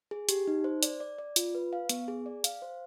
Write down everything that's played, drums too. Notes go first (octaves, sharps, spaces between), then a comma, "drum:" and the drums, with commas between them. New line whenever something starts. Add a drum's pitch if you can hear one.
G#4
G4, drum: hi-hat
D#4
C5
D5, drum: hi-hat
D5
D5
F4, drum: hi-hat
B4
F5
B3, drum: hi-hat
G#4
D5
F5, drum: hi-hat
C5